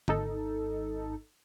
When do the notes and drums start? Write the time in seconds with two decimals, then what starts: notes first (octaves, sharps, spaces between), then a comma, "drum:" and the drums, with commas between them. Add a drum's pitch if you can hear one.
0.08 G#1 D#4 A4, drum: tom D3